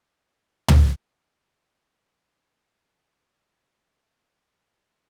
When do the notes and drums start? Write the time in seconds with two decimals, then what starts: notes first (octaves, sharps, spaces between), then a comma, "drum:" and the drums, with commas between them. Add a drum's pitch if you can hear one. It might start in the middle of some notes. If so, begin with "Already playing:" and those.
0.02 B3 G#4 C#5 E5
0.68 drum: tom
1.39 C#4
1.53 A2
1.75 D#3
1.92 B4
2.07 A3
2.30 D#4
3.19 B4 D5 D#5
4.00 G#5
4.19 D#5 A5 C#6 D6
4.81 G#3 A4